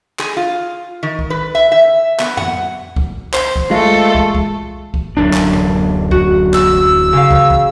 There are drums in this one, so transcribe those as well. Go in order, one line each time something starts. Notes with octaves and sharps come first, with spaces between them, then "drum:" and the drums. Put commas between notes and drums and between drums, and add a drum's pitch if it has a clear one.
G#4, drum: clap
F4
D#3
drum: kick
B4
E5
E5
B3, drum: clap
F#5, drum: tom F2
drum: kick
C5, drum: clap
drum: kick
G#3 A3 F4 A4
drum: kick
drum: kick
drum: kick
D1 F#2 D4
drum: clap
drum: tom G#2
F#4, drum: kick
E6, drum: clap
drum: kick
C#3 F5
drum: kick
drum: kick